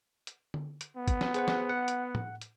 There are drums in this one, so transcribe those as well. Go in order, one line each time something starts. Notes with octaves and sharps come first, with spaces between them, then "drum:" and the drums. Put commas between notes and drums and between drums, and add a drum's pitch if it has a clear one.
drum: hi-hat
drum: tom D3
drum: hi-hat
B3
drum: kick, hi-hat
drum: snare
G#4 C5 F#5, drum: hi-hat
drum: snare
F#5
drum: hi-hat
drum: tom A2
drum: hi-hat